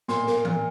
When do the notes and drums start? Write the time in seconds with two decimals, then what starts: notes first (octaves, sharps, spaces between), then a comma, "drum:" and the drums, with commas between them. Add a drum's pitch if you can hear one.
0.08 A#2 C6, drum: snare
0.27 A#3, drum: snare
0.45 A#2, drum: tom E3